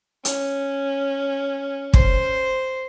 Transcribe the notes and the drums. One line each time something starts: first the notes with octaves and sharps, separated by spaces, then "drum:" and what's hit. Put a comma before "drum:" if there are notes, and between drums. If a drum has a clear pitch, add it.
C#4, drum: hi-hat
C5, drum: kick